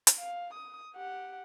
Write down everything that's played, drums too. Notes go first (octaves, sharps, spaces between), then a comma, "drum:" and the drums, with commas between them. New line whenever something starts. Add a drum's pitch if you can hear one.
drum: hi-hat
F5
D#6
G4 F#5